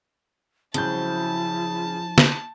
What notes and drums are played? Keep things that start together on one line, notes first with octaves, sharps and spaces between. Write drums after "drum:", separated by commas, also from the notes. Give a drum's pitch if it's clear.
C#3 F3 F#3 C4 E4 A5 G6, drum: hi-hat
drum: snare